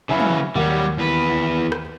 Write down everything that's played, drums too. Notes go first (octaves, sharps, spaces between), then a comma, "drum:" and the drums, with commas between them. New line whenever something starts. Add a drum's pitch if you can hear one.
C#3 E3 F#3 E5 G#5 B5
drum: tom
D#2 F#3 G3 A#3 F#5
E2 B4
drum: rim click